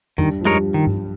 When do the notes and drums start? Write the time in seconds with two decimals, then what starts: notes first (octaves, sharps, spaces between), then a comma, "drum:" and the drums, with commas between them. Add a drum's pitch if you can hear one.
0.18 G2 D#3 G3, drum: tom E2
0.41 F3
0.45 G2 G3 G#3 D#4 A#4 C#5
0.74 D#3
0.87 drum: tom G2